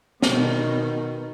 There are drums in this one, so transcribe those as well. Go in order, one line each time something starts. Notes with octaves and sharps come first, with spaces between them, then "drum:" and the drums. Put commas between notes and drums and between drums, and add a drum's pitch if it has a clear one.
B2 D#3, drum: snare